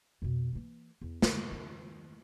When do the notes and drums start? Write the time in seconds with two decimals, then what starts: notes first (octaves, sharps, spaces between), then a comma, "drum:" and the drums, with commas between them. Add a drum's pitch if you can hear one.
0.22 F2 B2
0.53 E3 A#3
1.01 E2
1.22 D3, drum: snare
1.51 D#3 C4